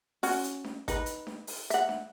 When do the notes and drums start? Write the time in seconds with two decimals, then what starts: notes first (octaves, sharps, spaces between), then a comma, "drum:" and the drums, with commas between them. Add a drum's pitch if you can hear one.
0.23 C#4 F#4, drum: open hi-hat
0.44 drum: hi-hat
0.64 drum: snare D4
0.88 D#4 B4, drum: kick G#1, hi-hat
1.06 drum: hi-hat
1.27 drum: snare D4
1.47 drum: open hi-hat
1.70 E5 F#5, drum: hi-hat
1.89 drum: snare D4